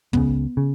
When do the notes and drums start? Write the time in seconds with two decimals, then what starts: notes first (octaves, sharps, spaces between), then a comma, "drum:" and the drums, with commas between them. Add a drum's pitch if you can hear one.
0.13 C#2 C#3 B3, drum: kick
0.57 C#3